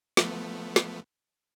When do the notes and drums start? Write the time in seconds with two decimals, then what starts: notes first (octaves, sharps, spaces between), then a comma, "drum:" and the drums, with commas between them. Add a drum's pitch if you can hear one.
0.17 F3 A3 B3, drum: snare
0.76 drum: snare